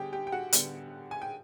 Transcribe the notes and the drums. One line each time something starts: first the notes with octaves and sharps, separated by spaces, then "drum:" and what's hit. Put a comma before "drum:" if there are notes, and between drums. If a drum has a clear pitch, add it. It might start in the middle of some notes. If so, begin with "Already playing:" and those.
Already playing: D3 G3 B3 G4 G#4 G5
G4 G5
G5
F#4 F#5
D3 G3 B3, drum: hi-hat
G#5
G5